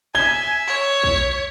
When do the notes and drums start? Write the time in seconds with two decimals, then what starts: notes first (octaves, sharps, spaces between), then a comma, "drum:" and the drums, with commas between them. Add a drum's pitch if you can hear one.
0.15 E5 G#5 G#6 G7
0.67 C#5
1.03 drum: kick